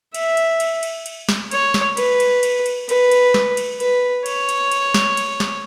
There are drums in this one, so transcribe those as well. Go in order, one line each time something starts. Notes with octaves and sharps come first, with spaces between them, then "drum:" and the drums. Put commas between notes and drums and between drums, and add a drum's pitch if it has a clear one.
E5, drum: cymbal
drum: cymbal
drum: cymbal
drum: cymbal
drum: cymbal
drum: snare
C#5, drum: cymbal
drum: snare
B4, drum: cymbal
drum: cymbal
drum: cymbal
drum: cymbal
B4, drum: cymbal
drum: cymbal
drum: snare
drum: cymbal
B4, drum: cymbal
C#5, drum: cymbal
drum: cymbal
drum: cymbal
drum: snare
drum: cymbal
drum: snare